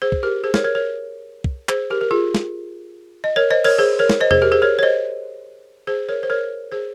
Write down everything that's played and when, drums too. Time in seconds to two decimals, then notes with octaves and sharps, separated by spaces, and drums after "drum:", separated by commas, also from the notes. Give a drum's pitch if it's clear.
0.02 G#4 C5
0.12 drum: kick
0.23 G4 A#4
0.44 G#4 C5
0.54 A#4 C#5, drum: snare
0.64 A#4 C#5
0.75 A#4 C#5
1.44 drum: kick
1.69 G#4 C5, drum: clap
1.90 G4 A#4
2.01 A#4
2.11 F4 G#4
2.35 drum: snare
3.24 D#5
3.36 A#4 C#5
3.50 C5 D#5
3.64 A#4 C#5, drum: cymbal
3.79 G#4 C5
3.99 A#4 C#5
4.10 drum: snare
4.20 C5 D#5
4.31 G#4 C5, drum: tom
4.42 G4 A#4
4.52 G#4 C5
4.62 A#4 C#5
4.79 C#5
4.83 C5 D#5
5.87 G#4 C5
6.09 A#4 C#5
6.23 C5
6.30 A#4 C#5
6.72 G#4 C5